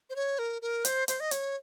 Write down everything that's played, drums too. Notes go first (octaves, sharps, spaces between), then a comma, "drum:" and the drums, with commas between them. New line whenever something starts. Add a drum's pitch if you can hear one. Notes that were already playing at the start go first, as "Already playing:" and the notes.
C5
C#5
A#4
A#4
C5, drum: hi-hat
C5, drum: hi-hat
D#5
C#5, drum: hi-hat